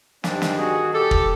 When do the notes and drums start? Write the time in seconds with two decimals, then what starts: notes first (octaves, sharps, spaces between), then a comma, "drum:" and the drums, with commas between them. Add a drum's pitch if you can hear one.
0.24 G2 D#3 G3 C4 D4, drum: snare
0.42 drum: snare
0.58 F#4 G#4
0.93 A#2 G3 G4 A4
1.11 drum: kick